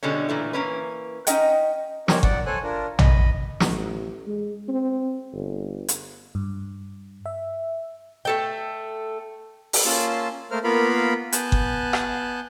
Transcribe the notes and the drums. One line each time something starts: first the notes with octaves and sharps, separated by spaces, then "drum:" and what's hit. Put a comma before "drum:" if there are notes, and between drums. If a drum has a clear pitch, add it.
B2 D3 G3 G#3 C#4
A#2 E3 A3
E3 A#3 C#4 B4
C#4 D#4 D#5 F#5 G5, drum: hi-hat
C#4 D#4 G4 A#4 C5 C#5, drum: snare
D5 F#5, drum: kick G1
A4 C5 C#5 G#5 F#6
D4 F4 A#4
D#5 B5, drum: tom
A1, drum: snare
G#3
C4
G1
drum: hi-hat
G2
E5
A3 A4 G5
drum: open hi-hat
A#3 C#4 F4 A5 C6 E6
A3 A#3 A#4 C5 F6
A#3 B3 F4 A#4 F5 B5
B3 G#5 A5 F#6 G6, drum: hi-hat
drum: kick G1
drum: rim click